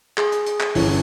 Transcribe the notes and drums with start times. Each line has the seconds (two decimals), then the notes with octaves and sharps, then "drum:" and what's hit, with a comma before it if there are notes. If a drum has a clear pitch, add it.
0.18 G#4, drum: clap
0.32 drum: hi-hat
0.46 drum: hi-hat
0.60 drum: clap
0.75 G1 E3 C#4, drum: open hi-hat